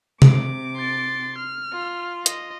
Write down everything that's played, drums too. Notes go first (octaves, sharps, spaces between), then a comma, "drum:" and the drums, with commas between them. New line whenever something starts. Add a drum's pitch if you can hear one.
C3 D6, drum: tom C3
C6 A6
F6
F4
D#5, drum: hi-hat